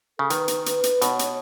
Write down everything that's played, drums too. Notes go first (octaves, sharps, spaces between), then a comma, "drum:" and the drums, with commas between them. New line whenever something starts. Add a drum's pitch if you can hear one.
C#3 A4
D#3 B4, drum: hi-hat
drum: hi-hat
B4, drum: hi-hat
drum: hi-hat
B2 C#5, drum: hi-hat
drum: hi-hat